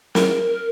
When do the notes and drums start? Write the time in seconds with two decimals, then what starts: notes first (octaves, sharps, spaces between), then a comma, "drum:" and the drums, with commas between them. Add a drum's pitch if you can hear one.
0.15 A#4, drum: snare